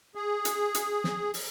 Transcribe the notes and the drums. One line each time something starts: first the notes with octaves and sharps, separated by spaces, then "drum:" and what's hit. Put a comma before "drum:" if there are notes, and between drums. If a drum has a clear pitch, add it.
G#4
drum: hi-hat
drum: hi-hat
drum: snare
drum: open hi-hat